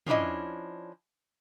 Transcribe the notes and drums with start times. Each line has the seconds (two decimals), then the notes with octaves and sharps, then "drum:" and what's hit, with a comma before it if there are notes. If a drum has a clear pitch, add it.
0.07 F3 C#4 D4 E4 D#5, drum: tom